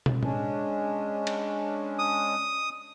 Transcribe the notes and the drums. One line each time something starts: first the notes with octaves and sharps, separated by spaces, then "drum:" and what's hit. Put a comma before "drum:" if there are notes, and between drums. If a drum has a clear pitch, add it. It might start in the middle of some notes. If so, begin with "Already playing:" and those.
drum: tom
G#3 C#4 D4, drum: tom
drum: cymbal
D#6